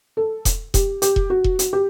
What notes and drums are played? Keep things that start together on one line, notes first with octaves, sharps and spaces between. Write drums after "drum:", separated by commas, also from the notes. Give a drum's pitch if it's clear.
A4
drum: kick E1, hi-hat
G4, drum: kick E1, hi-hat
G4, drum: hi-hat
drum: kick E1
F#4
drum: kick E1
F#4, drum: hi-hat
G4